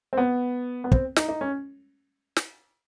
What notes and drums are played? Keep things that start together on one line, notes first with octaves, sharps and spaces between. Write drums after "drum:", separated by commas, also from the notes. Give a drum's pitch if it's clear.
C4
B3
B3
C4, drum: kick
D#4, drum: snare
D#4
C#4
drum: snare